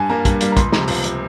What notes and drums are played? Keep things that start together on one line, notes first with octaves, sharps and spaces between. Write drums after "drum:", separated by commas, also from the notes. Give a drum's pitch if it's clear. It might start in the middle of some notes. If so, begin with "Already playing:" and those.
Already playing: G2 G#5
G3 A#3 A#5
G2, drum: kick, hi-hat
G3 A#3, drum: hi-hat
A#5
C#2 C6, drum: kick, hi-hat
C3 F3 A#5, drum: snare
C#2, drum: open hi-hat
C3 F3, drum: hi-hat